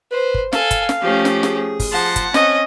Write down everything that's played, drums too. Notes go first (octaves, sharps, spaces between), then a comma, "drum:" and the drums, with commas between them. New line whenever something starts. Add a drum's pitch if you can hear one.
B4 C5
drum: kick
A4 F5 G#5, drum: snare
drum: kick, hi-hat
drum: snare
F3 A3 C#4 G4
drum: snare
G#4, drum: snare
drum: kick, open hi-hat
F3 F#5 A5 C6
drum: kick, hi-hat
C4 C#4 D#5, drum: snare